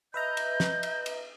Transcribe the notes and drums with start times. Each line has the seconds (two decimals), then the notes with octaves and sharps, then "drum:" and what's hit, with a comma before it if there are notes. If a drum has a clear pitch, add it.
0.14 B4 D#5 E5 A#5 G6
0.37 drum: cymbal
0.60 drum: snare
0.83 drum: cymbal
1.06 drum: cymbal